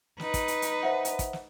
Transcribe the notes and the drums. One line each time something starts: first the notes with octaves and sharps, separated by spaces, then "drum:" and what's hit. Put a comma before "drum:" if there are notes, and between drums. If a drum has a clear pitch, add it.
D#4 B4, drum: snare
drum: kick, hi-hat
drum: hi-hat
drum: hi-hat
C5 E5 F#5
drum: hi-hat
drum: kick, hi-hat
drum: snare